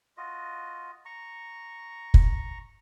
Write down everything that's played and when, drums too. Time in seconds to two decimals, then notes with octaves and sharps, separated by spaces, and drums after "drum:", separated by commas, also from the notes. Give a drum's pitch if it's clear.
0.17 F4 F#4 D#5
1.05 A#5 C#6
2.14 drum: kick